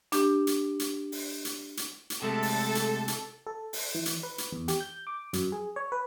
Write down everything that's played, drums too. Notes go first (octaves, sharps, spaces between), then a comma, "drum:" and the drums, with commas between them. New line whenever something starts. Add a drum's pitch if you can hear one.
D4 G4, drum: hi-hat
drum: hi-hat
drum: hi-hat
drum: open hi-hat
drum: hi-hat
drum: hi-hat
drum: hi-hat
C3 G#3 A3 A4
drum: open hi-hat
drum: hi-hat
drum: hi-hat
A4
drum: open hi-hat
E3
drum: hi-hat
B4
drum: hi-hat
E2
G4, drum: hi-hat
G6
D6
F#2, drum: hi-hat
G#4
C#5
B4